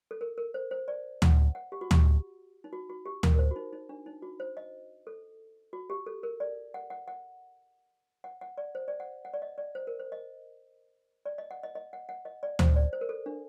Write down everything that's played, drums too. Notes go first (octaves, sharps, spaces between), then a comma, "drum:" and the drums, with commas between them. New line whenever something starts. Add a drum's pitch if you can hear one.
A4
A#4
A#4
C5
C5
D5
F#5, drum: tom D2
F#5
G4
F#4
G4, drum: tom D2
D#4
F#4
F#4
G4
A#4, drum: tom D2
A#4
C5
F#4
D#4
D#4
D4
D#4
F#4
C5
D#5
A4
F#4
G4
A4
A#4
D5
F#5
F#5
F#5
F#5
F#5
D5
C5
D5
F#5
F#5
D5
D#5
D5
C5
A#4
C5
D#5
D5
D#5
F#5
D#5
D#5
F#5
F#5
D#5
D5
C5, drum: tom D2
D5
C5
A#4
A4
D4